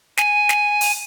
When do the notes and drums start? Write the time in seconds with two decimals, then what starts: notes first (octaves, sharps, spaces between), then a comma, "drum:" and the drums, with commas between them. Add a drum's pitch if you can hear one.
0.17 G#5, drum: snare
0.49 drum: snare
0.81 drum: open hi-hat